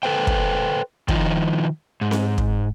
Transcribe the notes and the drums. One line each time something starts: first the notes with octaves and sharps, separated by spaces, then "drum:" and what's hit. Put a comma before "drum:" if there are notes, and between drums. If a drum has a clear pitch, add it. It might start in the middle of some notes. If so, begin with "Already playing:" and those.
A4 B4 C5 G5
drum: kick
D#3 F3 D#4 F4, drum: kick
G#2
drum: snare C4
drum: kick